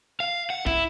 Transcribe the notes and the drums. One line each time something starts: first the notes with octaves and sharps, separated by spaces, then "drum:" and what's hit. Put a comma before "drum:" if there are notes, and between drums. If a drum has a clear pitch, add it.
F5
F#5
E4, drum: kick